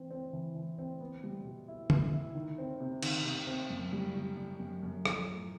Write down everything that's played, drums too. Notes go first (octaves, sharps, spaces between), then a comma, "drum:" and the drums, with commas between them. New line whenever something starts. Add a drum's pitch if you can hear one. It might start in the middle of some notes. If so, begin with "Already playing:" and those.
Already playing: E3 C4
C4
E3
E3
C4
B3
G3
B2
E4
B3, drum: tom
E4
D#3
C4
C3
D#3, drum: cymbal
C3
C4
F#2
G3
G3
G3
F#2
F#2
F3, drum: rim click
A2